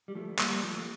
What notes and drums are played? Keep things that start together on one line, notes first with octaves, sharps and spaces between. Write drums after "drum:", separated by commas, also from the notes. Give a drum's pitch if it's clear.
G3
F3 A3
G3 A#3, drum: clap
F3 A3